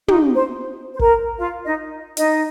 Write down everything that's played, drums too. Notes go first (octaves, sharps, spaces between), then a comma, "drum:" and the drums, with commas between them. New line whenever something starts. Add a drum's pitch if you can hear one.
D#4, drum: tom
C5
C5
A#4, drum: kick
F4 F5
D#4 D#5
D#4 D#5, drum: hi-hat